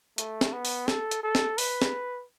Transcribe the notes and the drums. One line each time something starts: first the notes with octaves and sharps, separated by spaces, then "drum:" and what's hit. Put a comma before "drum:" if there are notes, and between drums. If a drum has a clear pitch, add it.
A3, drum: hi-hat
drum: snare
B3
drum: open hi-hat
A4, drum: snare
drum: hi-hat
A4
drum: snare
B4, drum: open hi-hat
drum: snare